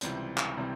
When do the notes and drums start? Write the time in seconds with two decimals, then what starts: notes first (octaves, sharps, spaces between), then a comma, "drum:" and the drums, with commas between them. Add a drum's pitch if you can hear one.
0.01 C#2 C3 E3 G3 C4, drum: hi-hat
0.38 drum: clap
0.57 C3 E3 G3 C4